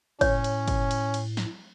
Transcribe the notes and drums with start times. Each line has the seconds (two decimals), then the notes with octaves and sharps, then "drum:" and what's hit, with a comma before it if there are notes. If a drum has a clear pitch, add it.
0.21 A2 C#4 C#5, drum: kick, cymbal
0.44 drum: cymbal
0.68 drum: kick, cymbal
0.91 drum: cymbal
1.14 drum: cymbal
1.37 drum: snare